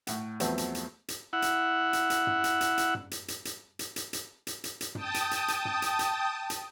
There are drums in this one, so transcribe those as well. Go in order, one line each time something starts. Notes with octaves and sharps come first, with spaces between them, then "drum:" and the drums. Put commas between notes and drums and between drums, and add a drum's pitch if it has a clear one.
A2 F#5, drum: hi-hat
E2 F3 F#3 A3 B3 C4, drum: hi-hat
drum: hi-hat
drum: hi-hat
drum: hi-hat
E4 F#5
drum: hi-hat
drum: hi-hat
drum: hi-hat
drum: tom
drum: hi-hat
drum: hi-hat
drum: hi-hat
drum: tom
drum: hi-hat
drum: hi-hat
drum: hi-hat
drum: hi-hat
drum: hi-hat
drum: hi-hat
drum: hi-hat
drum: hi-hat
drum: hi-hat
G5 A5 D#6, drum: tom
drum: hi-hat
drum: hi-hat
drum: hi-hat
drum: tom
drum: hi-hat
drum: hi-hat
drum: hi-hat